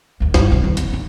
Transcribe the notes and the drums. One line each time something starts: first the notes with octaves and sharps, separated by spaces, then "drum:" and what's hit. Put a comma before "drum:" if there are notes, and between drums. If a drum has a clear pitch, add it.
A#1 D#2
G1 G2, drum: snare
B1 F2
D#2
C#4, drum: hi-hat
D#4